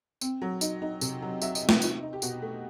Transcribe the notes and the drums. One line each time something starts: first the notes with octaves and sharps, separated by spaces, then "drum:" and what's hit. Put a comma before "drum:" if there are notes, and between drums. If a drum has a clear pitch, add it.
C4, drum: tambourine
F#3
D#4, drum: tambourine
D#4
C3, drum: tambourine
F#3
F#3 E5, drum: tambourine
D#5, drum: tambourine
C4
B4, drum: snare
D#4, drum: tambourine
D#4
G4
B2 F#4, drum: tambourine
A3